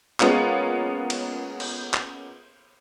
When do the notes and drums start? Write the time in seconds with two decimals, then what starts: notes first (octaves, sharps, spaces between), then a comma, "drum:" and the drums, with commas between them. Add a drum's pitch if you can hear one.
0.20 G#3 A#3 B3 C#4 F4 G#4, drum: clap
1.10 drum: cymbal
1.60 drum: cymbal
1.94 drum: clap